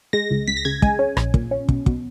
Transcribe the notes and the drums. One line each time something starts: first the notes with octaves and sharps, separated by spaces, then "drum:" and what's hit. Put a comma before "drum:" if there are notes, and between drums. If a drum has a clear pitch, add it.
G#3 A#6
C#2
C#2 B6
A#6
C#3 G#6
G#3 G#5, drum: kick
C#4
A#1, drum: rim click
A#2, drum: kick
C#4
B2, drum: kick
B2, drum: kick